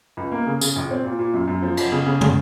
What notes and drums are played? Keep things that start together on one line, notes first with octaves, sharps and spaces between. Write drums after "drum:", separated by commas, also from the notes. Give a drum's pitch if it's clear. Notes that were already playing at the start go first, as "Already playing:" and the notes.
C#2
A#3
C#3
C#3, drum: tambourine
A#1
C4
A#2
A#2
F#2
F#2
F3
F#1, drum: cymbal
C#3
C#3
C#3, drum: tom